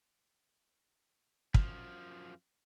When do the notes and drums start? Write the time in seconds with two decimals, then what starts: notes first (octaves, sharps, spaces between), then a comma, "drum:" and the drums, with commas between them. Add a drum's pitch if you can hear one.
1.54 F#2 F3, drum: kick